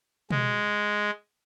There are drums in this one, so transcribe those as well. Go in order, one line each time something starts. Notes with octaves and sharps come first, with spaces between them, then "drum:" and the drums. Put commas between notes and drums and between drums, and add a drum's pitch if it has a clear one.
G#3, drum: tom B2